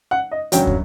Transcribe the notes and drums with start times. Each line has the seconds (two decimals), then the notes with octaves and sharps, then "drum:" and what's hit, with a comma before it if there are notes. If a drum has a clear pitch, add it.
0.11 F#5
0.31 D#5
0.52 G1 F#2 F#3 G5, drum: hi-hat
0.67 drum: kick